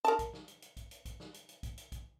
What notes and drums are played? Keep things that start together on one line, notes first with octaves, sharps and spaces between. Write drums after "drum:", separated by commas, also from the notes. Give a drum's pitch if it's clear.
A#4 A5, drum: hi-hat
drum: kick, hi-hat
drum: snare
drum: hi-hat
drum: hi-hat
drum: kick, hi-hat
drum: hi-hat
drum: kick, hi-hat
drum: snare
drum: hi-hat
drum: hi-hat
drum: kick, hi-hat
drum: hi-hat
drum: kick, hi-hat